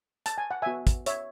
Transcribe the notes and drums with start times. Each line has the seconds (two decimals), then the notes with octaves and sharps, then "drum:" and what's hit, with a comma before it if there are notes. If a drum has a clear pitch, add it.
0.26 A5, drum: hi-hat
0.38 G#5
0.51 F#5
0.62 B3 F#4 E5 G#5
0.87 drum: kick, hi-hat
1.06 C#5 E5, drum: hi-hat